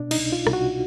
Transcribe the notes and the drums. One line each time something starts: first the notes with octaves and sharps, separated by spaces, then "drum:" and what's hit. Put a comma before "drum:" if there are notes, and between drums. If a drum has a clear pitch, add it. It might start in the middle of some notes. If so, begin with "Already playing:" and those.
Already playing: B2 D4
D#4, drum: cymbal
C2
F4
C2, drum: rim click
F#4